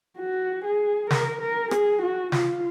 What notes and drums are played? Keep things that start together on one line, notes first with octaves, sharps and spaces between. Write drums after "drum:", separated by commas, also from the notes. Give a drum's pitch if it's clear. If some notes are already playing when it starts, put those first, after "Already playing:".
F#4
G#4
A#4, drum: snare
A#4
G#4, drum: rim click
F#4
F4, drum: snare